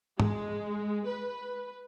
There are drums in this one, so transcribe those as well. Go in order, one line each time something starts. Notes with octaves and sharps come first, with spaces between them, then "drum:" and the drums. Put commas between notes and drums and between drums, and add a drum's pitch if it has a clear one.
G#3, drum: tom
B4